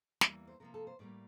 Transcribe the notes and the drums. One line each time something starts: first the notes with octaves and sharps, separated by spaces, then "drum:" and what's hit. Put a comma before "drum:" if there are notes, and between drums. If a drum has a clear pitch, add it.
E2 E3 G3 A#3, drum: snare
C5
C3 F3 A#3 A#4
A4
C5
A2 G3 A#3 D5